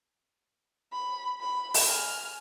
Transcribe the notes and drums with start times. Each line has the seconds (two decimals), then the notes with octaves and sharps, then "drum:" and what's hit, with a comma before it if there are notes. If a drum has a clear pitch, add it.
0.93 B5
1.40 B5
1.74 drum: open hi-hat
1.89 G#5 F6